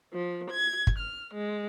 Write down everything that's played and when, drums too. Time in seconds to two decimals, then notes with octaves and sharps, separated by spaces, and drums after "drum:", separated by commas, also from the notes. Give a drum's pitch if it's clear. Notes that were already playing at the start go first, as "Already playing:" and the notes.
0.12 F3
0.50 G#6
0.87 drum: kick
0.97 F6
1.33 G#3